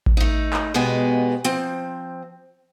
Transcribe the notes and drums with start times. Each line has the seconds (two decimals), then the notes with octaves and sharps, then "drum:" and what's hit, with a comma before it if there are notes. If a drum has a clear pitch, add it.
0.06 drum: kick A1
0.17 A3 D#4
0.53 drum: clap
0.74 E2 B2 G#3 B3 G4 G#5
1.45 F3 C4, drum: hi-hat